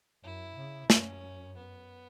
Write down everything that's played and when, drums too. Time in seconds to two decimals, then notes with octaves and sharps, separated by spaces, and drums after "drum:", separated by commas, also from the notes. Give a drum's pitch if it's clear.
0.23 F#2 E4
0.57 C#3
0.90 F#2 C#4, drum: snare
1.57 B3